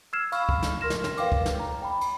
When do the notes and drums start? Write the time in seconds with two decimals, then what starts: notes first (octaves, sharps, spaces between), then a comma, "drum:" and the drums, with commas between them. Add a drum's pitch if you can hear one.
0.13 E6 F6 G#6 C7 E7
0.32 F5 B5 C#6 E6 F6, drum: cymbal
0.49 drum: kick
0.63 drum: snare
0.81 A#4 C6 F6 A#6 E7
0.90 drum: snare
1.04 drum: snare
1.17 B4 F5 G5 D6, drum: cymbal
1.32 drum: kick
1.46 drum: snare
1.59 A#5
1.82 G5 B5
2.01 drum: cymbal